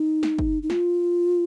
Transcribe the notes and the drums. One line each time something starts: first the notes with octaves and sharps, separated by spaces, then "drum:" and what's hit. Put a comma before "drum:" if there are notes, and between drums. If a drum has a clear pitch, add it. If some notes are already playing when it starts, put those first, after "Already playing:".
Already playing: D#4
drum: snare
drum: kick
D#4
F4, drum: snare